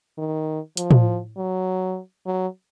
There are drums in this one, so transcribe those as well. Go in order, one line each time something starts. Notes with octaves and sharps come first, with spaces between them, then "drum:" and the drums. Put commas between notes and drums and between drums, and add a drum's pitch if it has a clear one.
D#3
F3, drum: hi-hat
drum: tom A2
F#3
F#3